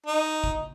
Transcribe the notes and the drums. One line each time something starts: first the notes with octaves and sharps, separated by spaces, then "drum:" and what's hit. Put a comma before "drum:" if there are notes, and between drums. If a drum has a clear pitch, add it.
D#4
drum: kick